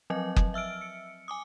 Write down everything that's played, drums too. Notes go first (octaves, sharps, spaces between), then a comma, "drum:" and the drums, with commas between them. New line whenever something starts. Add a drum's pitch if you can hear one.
F3 F#3 C4 D#5
drum: kick F#1
E5 E6 F6 D7
C#7
G#5 D6 D#6